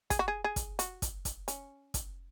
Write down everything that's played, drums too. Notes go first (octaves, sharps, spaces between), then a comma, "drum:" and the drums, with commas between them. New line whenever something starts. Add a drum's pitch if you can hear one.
G#4, drum: kick, hi-hat
F#4
G#4
G#4
drum: kick, hi-hat
F#4, drum: hi-hat
drum: kick, hi-hat
drum: kick, hi-hat
C#4, drum: hi-hat
drum: kick, hi-hat